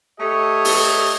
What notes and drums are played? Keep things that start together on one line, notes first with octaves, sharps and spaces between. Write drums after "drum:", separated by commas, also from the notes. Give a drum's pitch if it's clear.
A3 G4 A4 C#5 D#5
drum: open hi-hat